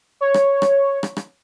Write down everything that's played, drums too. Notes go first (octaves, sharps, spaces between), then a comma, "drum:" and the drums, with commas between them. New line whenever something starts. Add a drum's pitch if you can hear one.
C#5
drum: rim click
drum: rim click
drum: rim click
drum: rim click